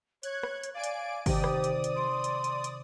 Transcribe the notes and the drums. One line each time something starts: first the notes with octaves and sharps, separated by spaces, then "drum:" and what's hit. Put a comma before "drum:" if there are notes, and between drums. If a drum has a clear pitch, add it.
C#5 F#6 G#6, drum: hi-hat
drum: rim click
drum: hi-hat
D5 F5 G#5 D7
drum: hi-hat
C3 D#3 G4 D5 D#6, drum: kick G#1, open hi-hat
drum: rim click
drum: hi-hat
drum: hi-hat
C6 D7
drum: hi-hat
drum: hi-hat
drum: hi-hat